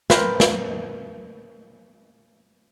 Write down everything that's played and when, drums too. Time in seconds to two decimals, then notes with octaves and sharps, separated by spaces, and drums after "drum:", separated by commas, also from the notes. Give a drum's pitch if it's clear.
0.10 A#4 B4 G5 A#5 C6, drum: snare
0.40 drum: snare